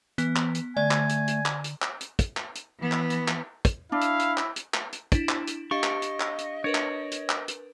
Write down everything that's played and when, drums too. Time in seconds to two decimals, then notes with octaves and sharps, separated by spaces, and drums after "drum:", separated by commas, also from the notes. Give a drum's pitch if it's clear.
0.18 E3 B3, drum: hi-hat
0.36 drum: clap
0.55 drum: hi-hat
0.77 D3 A3 D5 G#5
0.91 drum: clap
1.09 drum: hi-hat
1.28 drum: hi-hat
1.46 drum: clap
1.64 drum: hi-hat
1.82 drum: clap
2.01 drum: hi-hat
2.19 drum: kick, hi-hat
2.37 drum: clap
2.55 drum: hi-hat
2.79 E3 B3
2.92 drum: clap
3.10 drum: hi-hat
3.28 drum: clap
3.65 drum: kick, hi-hat
3.92 D4 E4 F5
4.01 drum: hi-hat
4.20 drum: hi-hat
4.38 drum: clap
4.56 drum: hi-hat
4.74 drum: clap
4.93 drum: hi-hat
5.12 D4 E4, drum: kick, hi-hat
5.29 drum: clap
5.47 drum: hi-hat
5.71 D4 G4 D#5 F5 C#6
5.84 drum: clap
6.02 drum: hi-hat
6.20 drum: clap
6.39 drum: hi-hat
6.64 D4 A#4 B4 C#5
6.75 drum: clap
7.11 drum: hi-hat
7.30 drum: clap
7.48 drum: hi-hat